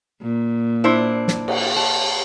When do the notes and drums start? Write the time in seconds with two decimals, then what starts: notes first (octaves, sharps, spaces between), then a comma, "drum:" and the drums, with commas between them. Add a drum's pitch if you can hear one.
0.22 A#2
0.84 D4 E4 C5
1.28 drum: snare
1.48 drum: cymbal
1.76 A5